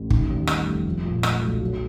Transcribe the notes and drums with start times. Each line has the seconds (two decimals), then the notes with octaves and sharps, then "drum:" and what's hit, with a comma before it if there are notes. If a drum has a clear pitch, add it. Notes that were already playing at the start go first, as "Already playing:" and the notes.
Already playing: A1
0.10 D#3, drum: kick
0.30 D#2
0.47 G3, drum: rim click
0.67 F1
0.85 F3
1.05 A#2
1.23 A3, drum: rim click
1.42 B1
1.60 F#3